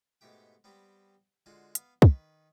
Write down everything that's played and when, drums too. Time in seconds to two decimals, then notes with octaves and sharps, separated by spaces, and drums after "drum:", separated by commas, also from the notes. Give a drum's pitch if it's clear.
0.21 G#2 B2 A3 G4 G5
0.64 G3 B3 C4 G4
1.46 D3 G#3 F4 F#4 C6
1.75 B3 F5, drum: hi-hat
2.02 D#3 B4, drum: kick